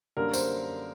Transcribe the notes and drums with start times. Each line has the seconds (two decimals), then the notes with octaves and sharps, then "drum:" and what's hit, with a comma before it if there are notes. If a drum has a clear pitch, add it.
0.17 F#2 D3 G3 A#3 A#4
0.33 C5, drum: tambourine